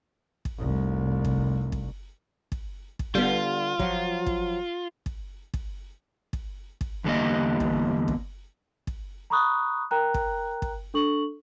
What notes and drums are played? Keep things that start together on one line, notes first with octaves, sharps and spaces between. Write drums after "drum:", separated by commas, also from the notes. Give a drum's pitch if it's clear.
drum: kick
F1 C2
drum: kick
drum: kick
drum: kick
drum: kick
D3 G3 B3 F4
F3 F#3, drum: kick
drum: kick
drum: kick
drum: kick
drum: kick
drum: kick
E2 D3 G3 A#3 D#5
drum: kick
drum: kick
drum: kick
A#5 B5 C#6 D#6 F#6
A#4 G5 A#5 F#6
drum: kick
drum: kick
D4 A4 C#6 F#7